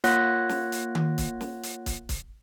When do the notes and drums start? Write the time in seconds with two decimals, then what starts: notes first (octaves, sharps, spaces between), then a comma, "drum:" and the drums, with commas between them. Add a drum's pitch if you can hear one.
0.04 A#3 F4 C#5 F#5 F#6 A#6, drum: hi-hat
0.49 drum: snare
0.72 drum: hi-hat
0.95 drum: tom D#3
1.18 drum: kick, hi-hat
1.41 drum: snare
1.63 drum: hi-hat
1.86 drum: kick, hi-hat
2.09 drum: kick, hi-hat